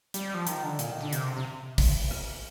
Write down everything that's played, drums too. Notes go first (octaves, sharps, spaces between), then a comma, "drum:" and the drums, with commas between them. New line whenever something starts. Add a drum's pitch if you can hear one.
G3, drum: hi-hat
F3
D#3, drum: hi-hat
D3
A#2, drum: hi-hat
D#3
D3
C3, drum: hi-hat
C3
drum: kick, open hi-hat
drum: rim click